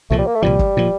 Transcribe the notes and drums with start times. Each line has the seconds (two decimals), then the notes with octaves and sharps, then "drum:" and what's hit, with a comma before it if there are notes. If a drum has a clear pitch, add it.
0.10 C2 A#2 F3 A3
0.18 G3
0.27 A#3
0.35 A3
0.42 C2 A#2 F3 G3
0.59 drum: kick
0.77 A#2 F3